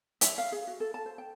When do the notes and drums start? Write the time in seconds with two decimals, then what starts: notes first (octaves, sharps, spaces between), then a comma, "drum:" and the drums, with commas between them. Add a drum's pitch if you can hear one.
0.21 E5, drum: hi-hat
0.38 F5
0.52 G#4
0.67 F#4
0.80 A4
0.94 A5
1.06 C5
1.18 G5